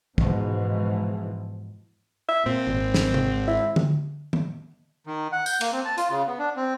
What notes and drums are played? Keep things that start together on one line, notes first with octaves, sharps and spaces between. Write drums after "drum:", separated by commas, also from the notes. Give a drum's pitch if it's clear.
G#2 B2 E3 F3, drum: kick
E5
A#2 C4
G#1
drum: snare
drum: tom C3
E4
drum: tom D3
drum: tom D#3
D#3
F#5
G6, drum: tambourine
A#3, drum: cymbal
C4
A5
F4, drum: hi-hat
C#3
B3
D4
C4